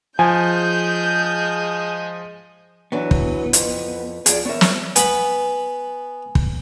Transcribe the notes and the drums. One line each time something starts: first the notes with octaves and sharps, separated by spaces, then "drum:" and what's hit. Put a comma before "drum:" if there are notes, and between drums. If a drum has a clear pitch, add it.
F3 G#3 G#4 G#5 G6
E3 F#3 B3 D4
drum: kick
F2, drum: hi-hat
F3 G#4 D5, drum: hi-hat
B3 A#4 C#5 E5
drum: snare
B3 G#5 B5, drum: hi-hat
drum: kick